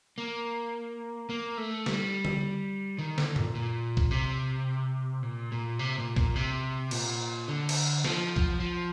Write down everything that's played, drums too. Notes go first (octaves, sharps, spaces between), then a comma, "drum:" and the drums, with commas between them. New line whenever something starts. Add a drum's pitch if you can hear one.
A#3
A#3
A3
G3, drum: snare
drum: tom D3
D#3
D3, drum: snare
A#2, drum: tom F#2
A#2
drum: kick
C3
A#2
A#2
C3
A#2
A#2, drum: kick
C3
A#2, drum: cymbal
D3
drum: cymbal
F3, drum: snare
drum: kick
F3